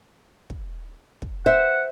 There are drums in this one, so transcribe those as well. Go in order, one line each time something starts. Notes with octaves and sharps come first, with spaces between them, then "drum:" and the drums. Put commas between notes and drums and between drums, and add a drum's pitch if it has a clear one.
drum: kick
drum: kick
C5 E5 F#5